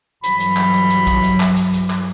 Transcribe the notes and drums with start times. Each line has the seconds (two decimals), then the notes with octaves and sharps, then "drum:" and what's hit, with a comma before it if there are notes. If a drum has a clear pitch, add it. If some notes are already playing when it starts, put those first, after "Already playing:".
0.24 G2 E3 F#3 B5, drum: hi-hat
0.40 drum: hi-hat
0.57 drum: clap
0.74 drum: hi-hat
0.90 drum: hi-hat
1.07 drum: kick, hi-hat
1.24 drum: hi-hat
1.40 drum: clap
1.57 drum: hi-hat
1.74 drum: hi-hat
1.90 drum: clap